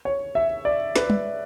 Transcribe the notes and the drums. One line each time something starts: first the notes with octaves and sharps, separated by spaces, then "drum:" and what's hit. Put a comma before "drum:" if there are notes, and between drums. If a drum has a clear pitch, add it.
C#5
E5
D5
B4, drum: snare
drum: tom